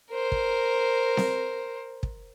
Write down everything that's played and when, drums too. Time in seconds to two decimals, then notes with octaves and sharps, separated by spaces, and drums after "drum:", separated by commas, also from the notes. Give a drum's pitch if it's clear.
0.10 A#4 C5
0.32 drum: kick
1.17 drum: snare C4
2.03 drum: kick